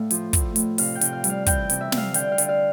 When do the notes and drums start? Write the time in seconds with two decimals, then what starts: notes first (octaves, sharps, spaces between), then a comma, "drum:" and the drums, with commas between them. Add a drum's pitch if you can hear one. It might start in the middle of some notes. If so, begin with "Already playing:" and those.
Already playing: A2 A3 F5
0.11 F3, drum: hi-hat
0.33 A2, drum: kick, hi-hat
0.56 A2, drum: hi-hat
0.78 C3 F5, drum: open hi-hat
0.95 G5
1.01 C3, drum: hi-hat
1.12 F5
1.24 G3, drum: hi-hat
1.29 F5
1.46 E3 G5, drum: kick, hi-hat
1.70 C3, drum: hi-hat
1.81 E5
1.92 C3, drum: snare
1.98 F5
2.14 D3 G5, drum: hi-hat
2.32 F5
2.38 D3, drum: hi-hat
2.49 F5